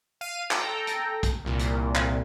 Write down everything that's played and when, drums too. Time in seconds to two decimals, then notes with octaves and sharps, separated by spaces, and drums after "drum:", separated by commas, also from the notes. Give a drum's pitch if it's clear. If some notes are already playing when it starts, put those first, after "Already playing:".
0.21 F5 D#7
0.51 A4 G5 A#5, drum: clap
0.87 drum: hi-hat
1.23 drum: kick, hi-hat
1.45 C2 A#2
1.59 drum: hi-hat
1.95 drum: clap